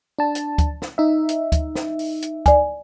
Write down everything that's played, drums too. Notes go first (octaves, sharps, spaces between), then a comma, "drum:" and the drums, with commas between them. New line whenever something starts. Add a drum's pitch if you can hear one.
D4 A5
drum: hi-hat
drum: kick D2, hi-hat
drum: snare
D#4 E5
drum: hi-hat
drum: kick D2, hi-hat
drum: snare
drum: open hi-hat
drum: hi-hat
D5 G#5, drum: kick D2, hi-hat